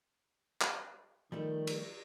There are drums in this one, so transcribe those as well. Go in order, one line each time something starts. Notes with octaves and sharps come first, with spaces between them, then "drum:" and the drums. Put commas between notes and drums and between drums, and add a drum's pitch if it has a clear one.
drum: clap
D#3 F3 G3 A3
drum: cymbal